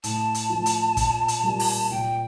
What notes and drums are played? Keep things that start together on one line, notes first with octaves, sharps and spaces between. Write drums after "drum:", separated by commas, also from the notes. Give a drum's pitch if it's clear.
A2 A5, drum: hi-hat
drum: hi-hat
F3
A3
drum: hi-hat
A#2, drum: kick, hi-hat
drum: hi-hat
G3 A#3 F4
drum: open hi-hat
A#2 G5